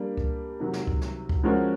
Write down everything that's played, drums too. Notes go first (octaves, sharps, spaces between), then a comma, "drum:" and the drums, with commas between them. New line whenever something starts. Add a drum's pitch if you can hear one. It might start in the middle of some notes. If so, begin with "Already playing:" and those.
Already playing: G3 A#3 D4
drum: kick C#2
C3 D#3 F#3
drum: snare
drum: kick C#2
drum: snare
drum: kick C#2
F3 G#3 C#4 F#4 A#4